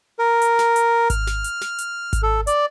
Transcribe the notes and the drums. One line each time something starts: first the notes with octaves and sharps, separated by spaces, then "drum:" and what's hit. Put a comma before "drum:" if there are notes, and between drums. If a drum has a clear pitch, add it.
A#4
drum: hi-hat
drum: snare
drum: hi-hat
F6, drum: kick G#1, hi-hat
drum: snare
drum: hi-hat
drum: snare
drum: hi-hat
drum: kick G#1, hi-hat
A4
D5, drum: hi-hat